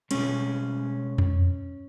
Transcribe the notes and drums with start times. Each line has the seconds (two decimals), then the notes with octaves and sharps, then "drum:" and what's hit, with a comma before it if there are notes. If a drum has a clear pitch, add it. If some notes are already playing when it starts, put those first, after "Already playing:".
0.11 B2 G#3 C#4, drum: cymbal
1.18 drum: tom F2